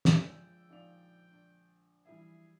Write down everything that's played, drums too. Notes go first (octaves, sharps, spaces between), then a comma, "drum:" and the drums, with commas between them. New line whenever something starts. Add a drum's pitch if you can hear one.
drum: snare
D3 F3 G#3 G#4 D5 G5 E6
A#1 D#4 D5 F5 F7
D4
E3 G3 G#4 E5